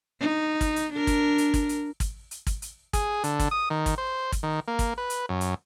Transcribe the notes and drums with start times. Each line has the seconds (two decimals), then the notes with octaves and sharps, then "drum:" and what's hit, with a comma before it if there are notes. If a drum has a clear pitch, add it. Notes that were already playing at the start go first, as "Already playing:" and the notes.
0.20 D#4
0.61 drum: kick G#1, hi-hat
0.76 drum: hi-hat
0.93 D4 A#4
1.07 drum: kick G#1, hi-hat
1.38 drum: hi-hat
1.54 drum: kick G#1, hi-hat
1.69 drum: hi-hat
2.00 drum: kick G#1, hi-hat
2.31 drum: hi-hat
2.47 drum: kick G#1, hi-hat
2.62 drum: hi-hat
2.93 G#4, drum: kick G#1, hi-hat
3.24 D3, drum: hi-hat
3.39 drum: kick G#1, hi-hat
3.51 D#6
3.70 D#3
3.86 drum: kick G#1, hi-hat
3.98 C5
4.32 drum: kick G#1, hi-hat
4.43 D#3
4.68 A#3
4.79 drum: kick G#1, hi-hat
4.98 B4
5.10 drum: hi-hat
5.29 F#2
5.41 drum: hi-hat